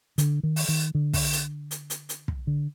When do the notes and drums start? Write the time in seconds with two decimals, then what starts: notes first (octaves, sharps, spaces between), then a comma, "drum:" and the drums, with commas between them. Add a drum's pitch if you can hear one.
0.18 D3, drum: hi-hat
0.43 D#3
0.56 drum: open hi-hat
0.68 D#3
0.95 D3
1.13 drum: kick, open hi-hat
1.33 drum: hi-hat
1.71 drum: hi-hat
1.90 drum: hi-hat
2.09 drum: hi-hat
2.28 drum: kick
2.47 D3